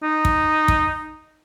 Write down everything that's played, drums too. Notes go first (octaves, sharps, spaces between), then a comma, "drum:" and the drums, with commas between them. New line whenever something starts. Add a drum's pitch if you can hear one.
D#4
drum: kick
drum: kick